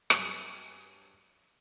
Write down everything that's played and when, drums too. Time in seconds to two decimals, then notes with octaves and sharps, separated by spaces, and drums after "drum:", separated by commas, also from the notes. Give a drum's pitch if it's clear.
0.10 G2 F#3 G#4, drum: rim click